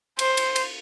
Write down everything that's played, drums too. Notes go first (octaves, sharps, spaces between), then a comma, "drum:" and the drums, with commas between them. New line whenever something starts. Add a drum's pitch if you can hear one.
C5, drum: cymbal
drum: cymbal
drum: cymbal